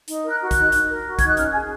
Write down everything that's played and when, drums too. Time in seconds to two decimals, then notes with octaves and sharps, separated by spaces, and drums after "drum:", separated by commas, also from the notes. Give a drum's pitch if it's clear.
0.08 D#4, drum: hi-hat
0.24 A#4 F#6
0.41 F#4
0.51 F#6, drum: kick, hi-hat
0.56 D#4
0.72 D#4, drum: hi-hat
0.89 A#4
1.05 F#4
1.19 D#4 G#6, drum: kick, hi-hat
1.28 F#6
1.37 C#4 F6, drum: hi-hat
1.53 G#4 G#5